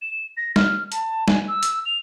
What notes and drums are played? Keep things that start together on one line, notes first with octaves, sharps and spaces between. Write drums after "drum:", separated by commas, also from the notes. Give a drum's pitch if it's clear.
E7
A#6
F6, drum: snare
A5, drum: hi-hat
G#5, drum: snare
E6
drum: hi-hat
F7